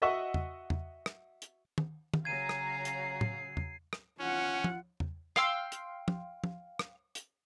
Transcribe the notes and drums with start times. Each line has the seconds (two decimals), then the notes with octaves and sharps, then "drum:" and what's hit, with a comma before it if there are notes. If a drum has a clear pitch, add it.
0.02 F#4 D#5 E5 F#5 C#6 E6
0.34 drum: tom E2
0.70 drum: tom E2
1.06 drum: rim click
1.42 drum: hi-hat
1.78 drum: tom
2.14 drum: tom
2.25 C#3 F#3 F5 G#5 A#5 G#6 C7 D#7
2.49 drum: rim click
2.85 drum: hi-hat
3.21 drum: tom A2
3.57 drum: tom E2
3.93 drum: rim click
4.20 C#4 F4 F#5
4.64 drum: tom
5.00 drum: tom E2
5.36 F5 G5 C6 E6, drum: rim click
5.72 drum: hi-hat
6.08 drum: tom
6.44 drum: tom
6.79 drum: rim click
7.15 drum: hi-hat